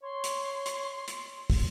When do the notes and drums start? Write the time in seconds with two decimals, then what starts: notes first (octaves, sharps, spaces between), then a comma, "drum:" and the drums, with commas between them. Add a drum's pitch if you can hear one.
0.03 C#5 C6
0.24 drum: hi-hat
0.66 drum: hi-hat
1.08 drum: hi-hat
1.50 drum: kick, open hi-hat